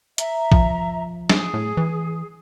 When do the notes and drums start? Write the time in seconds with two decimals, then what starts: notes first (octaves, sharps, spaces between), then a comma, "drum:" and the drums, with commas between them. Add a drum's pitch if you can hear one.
0.18 E5 A#5, drum: hi-hat
0.52 F3, drum: kick
1.30 G#4, drum: snare
1.54 A2
1.77 E3